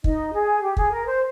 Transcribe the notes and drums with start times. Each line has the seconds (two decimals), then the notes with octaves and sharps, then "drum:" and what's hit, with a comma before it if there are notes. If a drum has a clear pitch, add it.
0.04 D#4 D#5, drum: kick
0.33 G#4
0.63 G4
0.77 G#4, drum: kick
0.92 A#4
1.06 C5